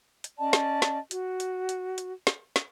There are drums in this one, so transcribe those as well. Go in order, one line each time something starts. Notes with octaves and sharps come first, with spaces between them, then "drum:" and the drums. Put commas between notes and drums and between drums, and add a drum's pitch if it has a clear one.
drum: hi-hat
C#4 D5 D#5 A5
drum: snare
drum: snare
F#4, drum: hi-hat
drum: hi-hat
drum: hi-hat
drum: hi-hat
drum: snare
drum: snare